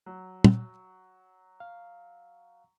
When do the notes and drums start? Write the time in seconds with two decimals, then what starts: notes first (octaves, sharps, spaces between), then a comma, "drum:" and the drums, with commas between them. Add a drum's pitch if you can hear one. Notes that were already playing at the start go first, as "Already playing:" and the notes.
0.06 F#3
0.44 drum: tom
1.60 F5